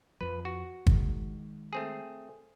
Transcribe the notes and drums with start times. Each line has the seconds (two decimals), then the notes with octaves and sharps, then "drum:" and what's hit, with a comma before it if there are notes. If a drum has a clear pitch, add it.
0.21 F2 F3 B4
0.45 F#4
0.87 D#3 G#3, drum: kick
1.73 A3 C4 G#4